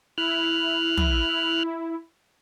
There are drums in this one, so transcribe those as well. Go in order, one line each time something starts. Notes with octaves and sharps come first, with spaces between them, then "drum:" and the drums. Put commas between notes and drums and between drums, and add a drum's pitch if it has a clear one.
E4 F6 F#6
drum: tom